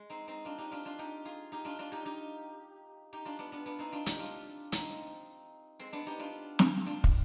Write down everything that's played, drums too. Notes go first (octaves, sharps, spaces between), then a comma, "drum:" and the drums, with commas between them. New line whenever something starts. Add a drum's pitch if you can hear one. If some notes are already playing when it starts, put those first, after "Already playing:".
Already playing: G#3
C4 D#4
C4 D#4
D4 F4
D#4 G4
D4 F4
D4 F4
D#4 G4
F4 G#4
D#4 G4
D4 F4
D4 F4
D#4 G4
D#4 G4
D#4 G4
D4 F4
B3 D4
B3 D4
B3 D4
C4 D#4
D4 F4
D#4 G4, drum: hi-hat
D4 F4
C4 D#4, drum: hi-hat
G#3 C4
B3 D4
D#4 G4
D4 F4
drum: snare
D4 F4
drum: kick